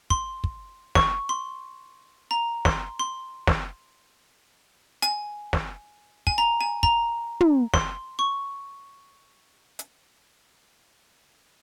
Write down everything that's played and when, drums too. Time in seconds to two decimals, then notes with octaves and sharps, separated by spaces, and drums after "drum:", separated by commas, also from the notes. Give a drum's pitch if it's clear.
0.10 C6, drum: kick
0.44 drum: kick
0.95 C#6, drum: snare
1.29 C6
2.31 A#5
2.65 C6, drum: snare
2.99 C6
3.47 drum: snare
5.02 G#5, drum: hi-hat
5.53 drum: snare
6.27 G#5, drum: kick
6.38 A#5
6.61 G#5
6.83 A#5, drum: kick
7.41 drum: tom
7.74 C6, drum: snare
8.19 C#6
9.79 drum: hi-hat